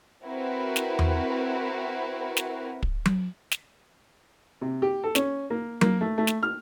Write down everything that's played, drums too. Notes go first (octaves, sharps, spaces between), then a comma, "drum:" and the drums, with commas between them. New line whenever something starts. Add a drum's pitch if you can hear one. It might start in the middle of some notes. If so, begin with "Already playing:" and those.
C4 E4 F#4 A#4 B4
drum: snare
drum: tom E2
drum: snare
drum: kick
drum: tom F#3
drum: snare
C3
G4
A4
C#4, drum: snare
A#3
A#3, drum: tom F#3
A3
A3
drum: snare
F6